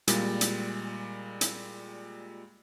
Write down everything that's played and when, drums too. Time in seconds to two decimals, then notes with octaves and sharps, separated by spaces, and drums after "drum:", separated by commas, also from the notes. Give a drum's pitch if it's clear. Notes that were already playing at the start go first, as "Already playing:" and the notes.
0.08 A#2 G3 G#3, drum: hi-hat
0.41 drum: hi-hat
1.41 drum: hi-hat